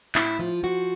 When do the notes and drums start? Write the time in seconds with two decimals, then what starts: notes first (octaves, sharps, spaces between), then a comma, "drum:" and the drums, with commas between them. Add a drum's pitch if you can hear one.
0.15 A2 E4, drum: clap
0.39 F3 F4
0.63 F3 F#4